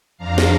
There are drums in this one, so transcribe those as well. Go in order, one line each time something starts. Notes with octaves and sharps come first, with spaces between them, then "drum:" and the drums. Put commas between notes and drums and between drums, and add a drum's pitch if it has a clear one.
F2 F3 D4 F5 A#5
drum: snare